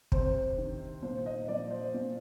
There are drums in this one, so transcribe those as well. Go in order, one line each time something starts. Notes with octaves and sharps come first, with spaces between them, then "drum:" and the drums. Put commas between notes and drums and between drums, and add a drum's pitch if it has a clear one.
C3 C5, drum: kick
D#3
A#2 C5
D#5
F3 D5
C5
A#2